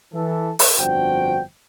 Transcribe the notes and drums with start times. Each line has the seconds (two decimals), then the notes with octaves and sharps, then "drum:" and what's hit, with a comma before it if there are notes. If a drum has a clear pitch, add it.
0.13 E3 A4
0.59 drum: open hi-hat
0.78 G1 F2 D4 F#4 C5 G5